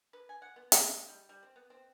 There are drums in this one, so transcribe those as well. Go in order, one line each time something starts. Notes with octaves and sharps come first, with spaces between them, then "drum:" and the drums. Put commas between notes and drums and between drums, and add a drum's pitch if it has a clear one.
B4
G#5
F#5
B3
A5, drum: hi-hat
D#4
G3
G3
C4
B3
C4